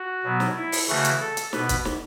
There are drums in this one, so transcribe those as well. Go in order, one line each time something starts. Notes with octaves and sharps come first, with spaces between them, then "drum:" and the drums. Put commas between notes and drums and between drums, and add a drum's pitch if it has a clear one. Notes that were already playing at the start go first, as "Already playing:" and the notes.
Already playing: F#4
B2 F#3 B3
drum: snare
E4
drum: open hi-hat
C#3 E3 A3 F#4
drum: hi-hat
A4
drum: hi-hat
B2 B3 B4, drum: snare
drum: kick, hi-hat
drum: snare